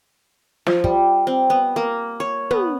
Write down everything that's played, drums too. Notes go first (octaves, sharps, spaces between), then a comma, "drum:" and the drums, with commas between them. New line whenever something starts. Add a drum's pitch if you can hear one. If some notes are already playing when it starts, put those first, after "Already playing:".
F3, drum: snare
G3, drum: kick
C4
B3
A#3
C#5
B3, drum: tom